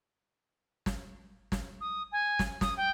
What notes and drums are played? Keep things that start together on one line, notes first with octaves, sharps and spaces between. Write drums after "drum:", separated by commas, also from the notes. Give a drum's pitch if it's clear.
drum: snare
drum: snare
D#6
G#5
drum: snare
D#6, drum: snare
G5